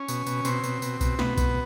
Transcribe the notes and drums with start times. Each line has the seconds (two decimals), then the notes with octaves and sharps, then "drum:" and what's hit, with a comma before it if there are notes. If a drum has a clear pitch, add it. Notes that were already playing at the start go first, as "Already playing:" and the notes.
Already playing: C#4
0.08 B2, drum: tambourine
0.27 B2, drum: tambourine
0.45 B2 C4, drum: tambourine
0.64 B2, drum: tambourine
0.82 B2, drum: tambourine
1.01 B2, drum: kick B1, tambourine
1.19 B2 B3, drum: snare
1.37 B2, drum: kick B1, tambourine